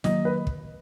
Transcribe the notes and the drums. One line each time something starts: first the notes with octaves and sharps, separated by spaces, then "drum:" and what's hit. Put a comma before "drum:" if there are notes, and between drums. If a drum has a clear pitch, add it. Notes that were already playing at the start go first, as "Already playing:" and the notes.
D#3 F#3 A#3 D#5, drum: snare
B4
drum: kick